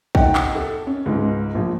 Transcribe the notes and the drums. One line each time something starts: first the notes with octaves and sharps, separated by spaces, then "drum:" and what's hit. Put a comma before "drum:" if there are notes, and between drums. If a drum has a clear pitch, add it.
D#4 D#5 F#5 G5, drum: kick
drum: clap
A4
C#4
C#2 G#2
A#1 F3